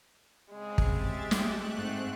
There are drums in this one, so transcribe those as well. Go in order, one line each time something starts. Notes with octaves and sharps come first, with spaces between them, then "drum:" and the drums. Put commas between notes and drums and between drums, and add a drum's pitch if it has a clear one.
C#3 G#3 C4 G#4
drum: kick
G4 E5 A6
A3 F#6, drum: snare
G#2 C4